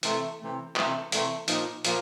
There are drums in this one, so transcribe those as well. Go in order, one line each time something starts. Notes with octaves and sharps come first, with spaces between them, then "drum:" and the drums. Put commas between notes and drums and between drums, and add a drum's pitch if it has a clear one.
C3 E3 A3, drum: hi-hat
C3 E3 A3
C3 E3 A3, drum: clap
C3 E3 A3, drum: hi-hat
A#2 F3 A#3 D#4, drum: hi-hat
A#2 F3 A#3, drum: hi-hat